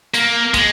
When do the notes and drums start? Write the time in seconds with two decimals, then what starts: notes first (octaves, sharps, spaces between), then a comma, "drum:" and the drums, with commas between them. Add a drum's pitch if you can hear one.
0.14 A#3, drum: hi-hat
0.54 G#3, drum: kick, hi-hat